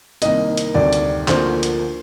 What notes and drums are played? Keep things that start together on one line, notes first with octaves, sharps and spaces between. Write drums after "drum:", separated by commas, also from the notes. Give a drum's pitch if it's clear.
C2 C3 D#3 A#3 D#5, drum: hi-hat
drum: hi-hat
D2 C3 D#3 G3 D5
drum: hi-hat
D2 D3 F3 A#3 C5, drum: clap
drum: hi-hat